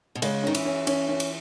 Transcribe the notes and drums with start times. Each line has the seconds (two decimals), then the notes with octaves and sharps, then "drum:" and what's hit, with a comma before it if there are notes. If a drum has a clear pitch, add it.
0.15 B2
0.22 C#3 G#3, drum: cymbal
0.43 D#3 C#4
0.55 E3, drum: cymbal
0.65 C#4
0.87 C#4, drum: cymbal
1.09 C#4
1.20 drum: cymbal